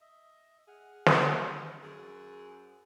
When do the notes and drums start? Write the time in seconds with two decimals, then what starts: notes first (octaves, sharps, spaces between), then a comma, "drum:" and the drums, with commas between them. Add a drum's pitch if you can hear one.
0.01 D#5 E5
0.68 G#4 F#5 F6
1.06 drum: snare
1.47 C5 E6 F#6
1.83 F#2 G#4